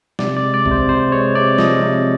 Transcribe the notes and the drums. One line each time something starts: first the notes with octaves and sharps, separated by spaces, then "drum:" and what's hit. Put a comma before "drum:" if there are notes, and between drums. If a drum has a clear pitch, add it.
C3 D5, drum: snare
D5
G#3
D5
C3, drum: kick
C5
C3 C5
G#3 C#5
C3 D5
F3 D#5, drum: snare
C3